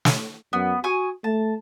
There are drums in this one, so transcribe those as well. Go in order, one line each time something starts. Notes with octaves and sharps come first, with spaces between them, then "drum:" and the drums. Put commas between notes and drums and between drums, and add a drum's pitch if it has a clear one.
drum: snare
F#2 B3
F#4 G#5 C#6 D#6
A3 A5